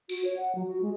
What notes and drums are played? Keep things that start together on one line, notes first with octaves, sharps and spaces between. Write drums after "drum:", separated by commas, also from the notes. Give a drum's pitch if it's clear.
F#4, drum: tambourine
C#5
F#5
F#3
F#4
G#3